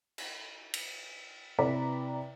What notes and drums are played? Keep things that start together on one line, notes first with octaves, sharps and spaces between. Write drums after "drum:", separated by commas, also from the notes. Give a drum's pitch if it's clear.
drum: cymbal
drum: cymbal
C3 E4 B4 D5 A#5 B6